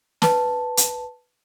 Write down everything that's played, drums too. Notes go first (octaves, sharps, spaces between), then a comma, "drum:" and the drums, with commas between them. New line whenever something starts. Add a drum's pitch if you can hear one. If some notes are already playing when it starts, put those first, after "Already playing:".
B4 A5, drum: snare
drum: hi-hat